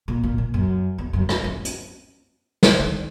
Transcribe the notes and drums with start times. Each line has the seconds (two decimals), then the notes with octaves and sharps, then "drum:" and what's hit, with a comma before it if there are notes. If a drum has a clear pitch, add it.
0.08 A#2
0.23 A#2
0.38 A#2
0.54 F#2
0.98 E2
1.13 F#2
1.29 G#2, drum: rim click
1.44 F#2
1.65 drum: hi-hat
2.63 drum: snare
2.80 D#3